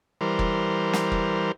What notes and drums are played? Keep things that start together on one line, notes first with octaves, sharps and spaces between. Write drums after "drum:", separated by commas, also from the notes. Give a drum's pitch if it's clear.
E3 G3 A#4 C5
drum: kick F1
drum: snare
drum: kick F1